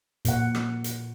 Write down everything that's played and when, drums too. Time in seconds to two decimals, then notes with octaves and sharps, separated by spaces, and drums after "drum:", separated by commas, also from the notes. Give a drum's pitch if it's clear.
0.25 A#2 F#5, drum: hi-hat
0.55 drum: rim click
0.84 drum: hi-hat